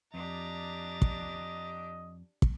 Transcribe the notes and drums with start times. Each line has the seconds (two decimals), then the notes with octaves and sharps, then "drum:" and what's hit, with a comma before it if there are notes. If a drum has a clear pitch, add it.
0.14 F2 D4 G4 D#5 A#5 A6
1.02 drum: kick
2.42 drum: kick